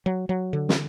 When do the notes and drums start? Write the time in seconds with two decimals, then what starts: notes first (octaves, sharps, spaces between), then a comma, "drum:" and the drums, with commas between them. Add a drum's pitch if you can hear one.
0.06 F#3
0.29 F#3
0.53 D3
0.69 drum: snare